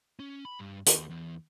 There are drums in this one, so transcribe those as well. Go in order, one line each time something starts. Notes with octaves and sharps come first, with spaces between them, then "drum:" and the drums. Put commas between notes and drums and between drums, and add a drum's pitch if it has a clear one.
C#4
B5
G2
D#2, drum: hi-hat
E2